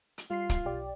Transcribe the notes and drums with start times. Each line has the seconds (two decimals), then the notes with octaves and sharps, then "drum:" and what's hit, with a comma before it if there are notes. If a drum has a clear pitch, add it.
0.18 drum: hi-hat
0.30 G3 F4 C6 C7
0.50 drum: kick, hi-hat
0.65 B1 G4 D5